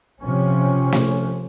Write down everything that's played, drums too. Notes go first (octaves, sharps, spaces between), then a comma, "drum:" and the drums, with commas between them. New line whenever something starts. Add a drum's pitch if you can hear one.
C3 F3 C#4
drum: snare